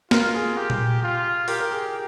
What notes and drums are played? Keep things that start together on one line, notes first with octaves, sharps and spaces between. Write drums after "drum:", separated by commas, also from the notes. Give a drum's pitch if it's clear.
F4 A#4, drum: snare
G#4
G4
drum: tom A#2
F4
G4 A#4, drum: open hi-hat
A#4
G#4